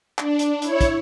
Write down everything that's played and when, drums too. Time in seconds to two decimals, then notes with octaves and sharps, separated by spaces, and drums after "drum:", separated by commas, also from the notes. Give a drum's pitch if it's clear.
0.18 D4, drum: clap
0.39 drum: hi-hat
0.62 E4 C#5, drum: hi-hat
0.81 drum: kick, hi-hat